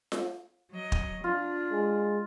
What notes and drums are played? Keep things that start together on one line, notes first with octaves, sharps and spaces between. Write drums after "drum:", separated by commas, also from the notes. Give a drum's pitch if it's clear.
drum: snare F4
F#3 D#5
drum: kick
D4 F4
G#3